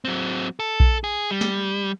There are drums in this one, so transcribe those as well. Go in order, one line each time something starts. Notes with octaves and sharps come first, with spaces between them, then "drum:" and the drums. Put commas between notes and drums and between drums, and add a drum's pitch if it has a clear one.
F#3 C4
A4
drum: kick A#1
G#4
G3
drum: snare